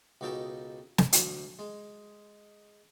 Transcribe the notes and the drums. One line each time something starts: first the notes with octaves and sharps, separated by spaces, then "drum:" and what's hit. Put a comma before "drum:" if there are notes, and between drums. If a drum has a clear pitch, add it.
C#2 B2 D#4 A4 G5 A5
drum: snare
D2, drum: hi-hat
G#3